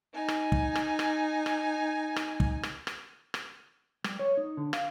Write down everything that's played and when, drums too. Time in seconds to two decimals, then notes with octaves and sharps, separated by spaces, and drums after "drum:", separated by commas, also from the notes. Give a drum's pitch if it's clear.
0.13 D#4 G#5
0.28 drum: rim click
0.52 drum: kick
0.75 drum: rim click
0.99 drum: rim click
1.46 drum: rim click
2.16 drum: rim click
2.40 drum: kick
2.63 drum: rim click
2.87 drum: rim click
3.34 drum: rim click
4.04 G3, drum: rim click
4.19 C#5
4.37 D#4
4.57 D3
4.73 F5, drum: rim click